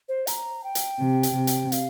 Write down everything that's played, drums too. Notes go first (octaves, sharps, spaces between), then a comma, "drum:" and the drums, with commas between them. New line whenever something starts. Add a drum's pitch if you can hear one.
C5
A#5, drum: hi-hat
G5
drum: hi-hat
C3
drum: hi-hat
C3
drum: hi-hat
F5, drum: hi-hat